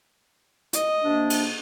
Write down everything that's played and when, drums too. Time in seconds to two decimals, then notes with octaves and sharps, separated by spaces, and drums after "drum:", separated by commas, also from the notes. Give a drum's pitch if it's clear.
0.73 D#5, drum: hi-hat
1.04 C3 A#3 D4
1.30 drum: cymbal